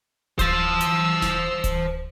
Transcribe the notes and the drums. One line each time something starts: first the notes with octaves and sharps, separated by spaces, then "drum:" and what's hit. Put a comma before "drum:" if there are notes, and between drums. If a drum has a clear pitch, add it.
C5 A5 E6, drum: kick D1, hi-hat
drum: hi-hat
drum: snare D#1
drum: kick D1, hi-hat